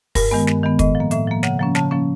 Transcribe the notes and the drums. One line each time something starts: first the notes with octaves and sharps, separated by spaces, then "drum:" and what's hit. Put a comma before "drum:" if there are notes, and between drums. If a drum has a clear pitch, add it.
G2 A#4, drum: kick, open hi-hat
D#3 G#3 B3
G2, drum: snare
D#3 G#3 B3
A2 D#5, drum: kick, hi-hat
F3
A#3
A2 E5, drum: hi-hat
F3 A#3
C#3 F#5, drum: snare
F3 A#3 C#4
C#3 A5, drum: snare
F3 A#3 C#4